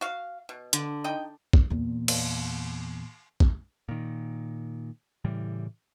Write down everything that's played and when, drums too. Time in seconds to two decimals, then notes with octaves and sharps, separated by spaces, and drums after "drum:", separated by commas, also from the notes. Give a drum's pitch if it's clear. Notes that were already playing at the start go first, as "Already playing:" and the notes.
0.01 F#4 F5
0.49 B2
0.73 D3, drum: hi-hat
1.04 D#4 D#5 G5
1.53 drum: kick
1.70 E2 A#2
2.08 drum: cymbal
3.40 drum: kick
3.89 A#2 D#3
5.24 A2 C#3 E3 G3